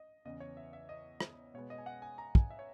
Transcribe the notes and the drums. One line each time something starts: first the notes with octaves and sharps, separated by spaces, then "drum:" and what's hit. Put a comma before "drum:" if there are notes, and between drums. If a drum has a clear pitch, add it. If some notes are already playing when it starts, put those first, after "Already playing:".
Already playing: D#5
E2 C#3 E3 D#5
C#5
E5
E5
D#5
drum: rim click
B2 G#3 B3 C#5
D#5
G#5
F#5
G#5
A#5
G#5, drum: kick
E5
C#5